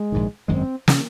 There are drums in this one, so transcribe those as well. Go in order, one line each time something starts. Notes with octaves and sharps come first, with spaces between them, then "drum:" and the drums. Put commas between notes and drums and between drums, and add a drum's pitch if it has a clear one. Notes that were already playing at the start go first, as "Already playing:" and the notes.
Already playing: G#3
A#1 G#2 D#3
G#1 F#2 D#3 G#3 C4
C#3 G#3 C#4, drum: snare